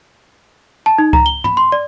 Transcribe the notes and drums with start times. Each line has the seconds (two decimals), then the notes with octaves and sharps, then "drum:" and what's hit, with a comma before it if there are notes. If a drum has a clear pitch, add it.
0.86 A5
0.98 D#4
1.13 A#5, drum: kick C#2
1.26 G7
1.44 B5, drum: tom
1.57 C6
1.72 D5